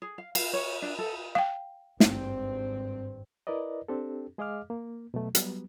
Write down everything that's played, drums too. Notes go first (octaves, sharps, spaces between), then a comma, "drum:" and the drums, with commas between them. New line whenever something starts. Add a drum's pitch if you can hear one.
G#4
F5
F5, drum: cymbal
C#5
D4
A4
F5 G5
G#1 G2 C4, drum: snare
E4 A#4 B4 D5 D#5
C4 D4 G4 A4
G#3 G#4 D#5 F5 D6 F6
A#3
B2 F#3 A3
F#3 G3 B3, drum: hi-hat